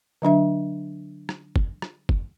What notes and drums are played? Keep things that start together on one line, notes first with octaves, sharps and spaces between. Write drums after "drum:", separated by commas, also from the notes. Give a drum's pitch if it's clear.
D3 F#3 D4 E5
drum: rim click
drum: kick
drum: rim click
drum: kick